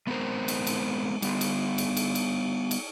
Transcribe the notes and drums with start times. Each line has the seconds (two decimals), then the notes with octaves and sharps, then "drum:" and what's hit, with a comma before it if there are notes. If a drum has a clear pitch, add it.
0.07 G#3 B3 C4 F4 A#4 C5
0.48 drum: cymbal
0.67 drum: cymbal
1.22 G3 B3, drum: cymbal
1.41 drum: cymbal
1.78 drum: cymbal
1.97 drum: cymbal
2.15 drum: cymbal
2.71 drum: cymbal